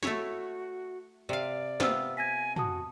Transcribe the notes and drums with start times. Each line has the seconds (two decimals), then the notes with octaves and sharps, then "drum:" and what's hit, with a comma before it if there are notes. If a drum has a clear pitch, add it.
0.03 A3 E4 F#4 C#5, drum: snare
1.29 C3 D5 F5
1.80 C3 B3 F4 C5 E6, drum: snare
2.17 G#5 G#6 A#6 B6
2.56 F#4 A5 D#6, drum: tom